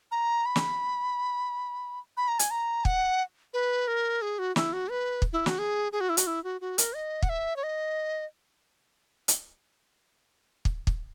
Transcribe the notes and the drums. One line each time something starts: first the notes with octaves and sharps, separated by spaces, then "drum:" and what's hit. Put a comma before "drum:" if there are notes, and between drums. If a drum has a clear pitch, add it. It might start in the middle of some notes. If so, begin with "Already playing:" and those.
A#5
B5
drum: snare
B5
A#5
G#5, drum: hi-hat
A#5
F#5, drum: kick
B4
A#4
G#4
F#4
E4, drum: snare
F#4
B4
drum: kick
E4
F#4, drum: snare
G#4
G#4
F#4
E4
F#4, drum: hi-hat
E4
F#4
F#4
A#4, drum: hi-hat
D#5
F#5, drum: kick
E5
C#5
D#5
drum: hi-hat
drum: kick
drum: kick